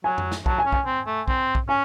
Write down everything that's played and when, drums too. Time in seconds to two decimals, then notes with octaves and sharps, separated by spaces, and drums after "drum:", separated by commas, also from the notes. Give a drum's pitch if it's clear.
0.04 F#3 G#5
0.18 drum: tom F2
0.32 drum: snare
0.46 F#3 A5, drum: kick
0.58 G#5
0.66 C#4
0.72 G#5, drum: kick
0.86 C4
1.07 A3
1.28 C4, drum: kick
1.55 drum: kick
1.69 C#4 G#5